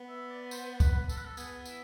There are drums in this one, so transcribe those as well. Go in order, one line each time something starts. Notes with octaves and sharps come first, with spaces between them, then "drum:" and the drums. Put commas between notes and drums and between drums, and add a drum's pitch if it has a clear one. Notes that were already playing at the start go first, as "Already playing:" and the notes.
Already playing: B3
E5
D5
C5, drum: tambourine
B4, drum: kick, tambourine
A4, drum: tambourine
B4
A4
B3 G#4, drum: tambourine
E4, drum: tambourine